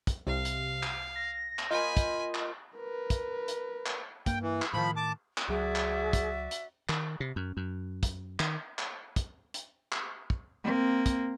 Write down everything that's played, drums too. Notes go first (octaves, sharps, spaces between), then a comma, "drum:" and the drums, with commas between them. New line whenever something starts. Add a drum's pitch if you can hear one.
drum: kick, hi-hat
C2 C3 F5
drum: hi-hat
drum: clap
A#6
drum: clap
A#3 F4 C5 D#5 G#5 B5
drum: kick, hi-hat
drum: clap
A#4 B4
drum: kick, hi-hat
drum: hi-hat
drum: clap
G2 A#3 G5, drum: kick, hi-hat
E3
drum: clap
A2 D#3 F3 B5
A5 D6
drum: clap
C#2 F#3 F#4 G#4 D5 E5
drum: clap
drum: kick, hi-hat
drum: hi-hat
D#3, drum: clap
C3
F#2
F#2
drum: kick, hi-hat
D#3, drum: clap
drum: clap
drum: kick, hi-hat
drum: hi-hat
drum: clap
drum: kick
A#3 C4
drum: kick, hi-hat